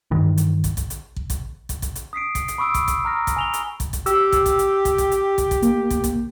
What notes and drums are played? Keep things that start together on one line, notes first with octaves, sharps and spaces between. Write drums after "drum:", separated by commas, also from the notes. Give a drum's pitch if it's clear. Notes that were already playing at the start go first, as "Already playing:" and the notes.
G2 D#3 E3
drum: hi-hat
drum: kick, hi-hat
drum: kick, hi-hat
drum: hi-hat
drum: kick
drum: kick, hi-hat
drum: kick, hi-hat
drum: kick, hi-hat
drum: hi-hat
D#6 B6 C7 D7
drum: kick, hi-hat
drum: hi-hat
B5 C#6 D#6 E6 D7
drum: kick, hi-hat
drum: kick, hi-hat
A#5 F6 A#6
drum: kick, hi-hat
G#5 F7 G7
drum: hi-hat
drum: kick, hi-hat
drum: kick, hi-hat
G4 E6, drum: hi-hat
drum: kick, hi-hat
drum: kick, hi-hat
drum: hi-hat
drum: kick, hi-hat
drum: kick, hi-hat
drum: hi-hat
drum: kick, hi-hat
drum: kick, hi-hat
A#3, drum: hi-hat
drum: kick, hi-hat
drum: kick, hi-hat